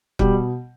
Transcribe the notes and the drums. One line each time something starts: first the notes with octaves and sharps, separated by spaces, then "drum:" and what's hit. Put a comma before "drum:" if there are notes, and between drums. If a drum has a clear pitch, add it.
B2 G3, drum: kick